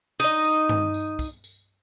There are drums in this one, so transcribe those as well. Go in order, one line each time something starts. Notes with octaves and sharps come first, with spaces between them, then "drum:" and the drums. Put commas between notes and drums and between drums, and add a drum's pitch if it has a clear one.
D#4 D#5, drum: tambourine
drum: tambourine
drum: tom G2
drum: tambourine
drum: kick, tambourine
drum: tambourine